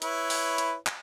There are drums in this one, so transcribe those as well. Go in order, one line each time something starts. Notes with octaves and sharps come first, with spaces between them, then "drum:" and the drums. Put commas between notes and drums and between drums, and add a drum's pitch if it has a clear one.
E4 B4 C#5, drum: hi-hat
drum: open hi-hat
drum: hi-hat
drum: clap